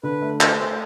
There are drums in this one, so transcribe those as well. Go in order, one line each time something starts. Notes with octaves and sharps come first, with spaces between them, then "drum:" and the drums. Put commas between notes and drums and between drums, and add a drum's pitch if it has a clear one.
D3 B4
A3
A3 C5, drum: clap
A3 C5